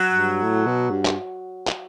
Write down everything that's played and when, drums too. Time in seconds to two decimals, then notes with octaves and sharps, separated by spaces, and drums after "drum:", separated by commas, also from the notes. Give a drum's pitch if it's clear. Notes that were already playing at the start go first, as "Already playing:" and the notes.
Already playing: F#3
0.12 G2
0.43 A2
0.66 B2
0.90 G2
1.05 drum: clap
1.67 drum: clap